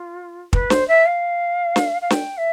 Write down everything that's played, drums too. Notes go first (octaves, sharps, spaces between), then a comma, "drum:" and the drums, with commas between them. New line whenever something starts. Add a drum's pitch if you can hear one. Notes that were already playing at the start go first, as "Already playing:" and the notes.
Already playing: F4
B4, drum: kick
C5, drum: snare
E5
F5
drum: snare
F5
G5, drum: snare
E5